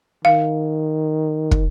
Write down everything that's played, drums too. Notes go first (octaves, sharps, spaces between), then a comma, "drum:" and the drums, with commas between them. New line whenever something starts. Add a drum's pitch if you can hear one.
D#3 F5
drum: kick